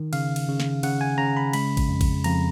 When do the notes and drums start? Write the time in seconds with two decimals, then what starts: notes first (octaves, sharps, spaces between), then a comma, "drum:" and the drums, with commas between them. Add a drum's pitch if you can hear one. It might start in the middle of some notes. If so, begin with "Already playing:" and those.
Already playing: D#3
0.13 C#3 F5, drum: cymbal
0.36 drum: cymbal
0.48 C#3
0.60 drum: snare
0.83 C#3 F#5, drum: cymbal
1.01 G#5
1.18 C#3 A#5
1.37 B5
1.53 G#3 B5, drum: cymbal
1.77 drum: kick A1, cymbal
1.89 F2
2.01 drum: kick A1, cymbal
2.24 F2 A#5, drum: cymbal